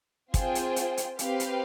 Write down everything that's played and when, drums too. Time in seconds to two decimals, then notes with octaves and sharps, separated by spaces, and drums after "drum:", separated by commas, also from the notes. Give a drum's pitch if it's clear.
0.34 C4 F4 G#4 C5 G5, drum: kick, hi-hat
0.55 drum: hi-hat
0.76 drum: hi-hat
0.97 drum: hi-hat
1.19 C4 G4 B4 F5, drum: hi-hat
1.40 drum: hi-hat